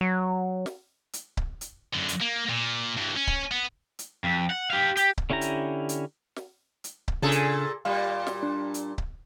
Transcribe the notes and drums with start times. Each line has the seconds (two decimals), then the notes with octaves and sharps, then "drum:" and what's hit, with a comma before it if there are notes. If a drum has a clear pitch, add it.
0.01 F#3
0.66 drum: snare
1.13 drum: hi-hat
1.37 drum: kick C#1
1.61 drum: hi-hat
1.93 F#2 D3
2.09 drum: hi-hat
2.21 A#3
2.49 A#2
2.97 G2 E3
3.17 C#4
3.27 drum: kick C#1
3.51 B3
3.99 drum: hi-hat
4.24 F2
4.50 F#5
4.70 G4 F5
4.97 G4, drum: hi-hat
5.18 drum: kick C#1
5.30 D3 C#4 E4 G4 A#5
5.41 drum: hi-hat
5.89 drum: hi-hat
6.36 drum: snare
6.84 drum: hi-hat
7.08 drum: kick C#1
7.22 A#2 C#3 D4 G#4 A4
7.31 drum: hi-hat
7.85 A#2 G3 F5
8.27 drum: snare
8.43 D4
8.74 drum: hi-hat
8.98 drum: kick C#1